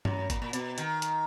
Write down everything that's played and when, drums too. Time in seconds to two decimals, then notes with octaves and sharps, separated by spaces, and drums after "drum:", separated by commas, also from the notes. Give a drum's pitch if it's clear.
0.05 F#2, drum: tom G2
0.30 A#2, drum: kick, hi-hat
0.42 A#2
0.53 B2, drum: hi-hat
0.78 D#3, drum: hi-hat
1.02 drum: hi-hat